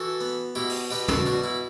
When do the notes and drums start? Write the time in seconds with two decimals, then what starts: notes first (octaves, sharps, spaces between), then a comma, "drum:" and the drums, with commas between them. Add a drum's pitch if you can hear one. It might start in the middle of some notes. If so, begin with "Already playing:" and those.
Already playing: E3 F#4 A4
0.21 B3
0.55 B2 E4 G4
0.69 drum: open hi-hat
0.90 B2 G4 B4
1.08 F#4 A4, drum: tom
1.26 B2 D4 F#4
1.44 E4